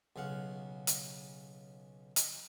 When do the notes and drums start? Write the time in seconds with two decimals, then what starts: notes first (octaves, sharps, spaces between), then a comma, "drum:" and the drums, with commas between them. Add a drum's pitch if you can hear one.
0.16 B1 C#3 F5 F#5
0.87 drum: hi-hat
2.16 drum: hi-hat